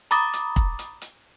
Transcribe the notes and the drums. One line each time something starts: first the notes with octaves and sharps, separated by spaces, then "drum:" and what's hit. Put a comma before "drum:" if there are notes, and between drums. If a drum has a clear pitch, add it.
A#5 B5 D6 D#6 A6 A#6, drum: hi-hat
drum: hi-hat
drum: kick
drum: hi-hat
drum: hi-hat